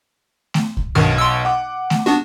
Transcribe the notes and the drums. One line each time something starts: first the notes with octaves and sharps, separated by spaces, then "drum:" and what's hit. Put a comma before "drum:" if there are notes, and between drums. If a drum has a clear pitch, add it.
drum: snare A3
drum: kick C2
B1 G2 B2 D#3 F6
C6 E6
F#5 D6
drum: snare A3
B3 D4 F#4